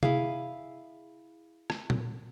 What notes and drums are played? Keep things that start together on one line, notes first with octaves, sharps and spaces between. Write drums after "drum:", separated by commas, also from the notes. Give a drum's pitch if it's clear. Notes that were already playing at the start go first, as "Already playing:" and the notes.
E4 G#4 F5, drum: tom C3
drum: rim click
drum: tom A#2